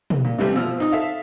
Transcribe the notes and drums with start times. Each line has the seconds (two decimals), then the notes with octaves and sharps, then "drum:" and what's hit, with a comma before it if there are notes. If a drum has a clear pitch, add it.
0.10 drum: tom
0.25 A#2
0.39 C3 E3 G3 A3 C4
0.55 B2 F3 E6 F6
0.78 C4 D#4 D#6
0.92 A4 E5 F5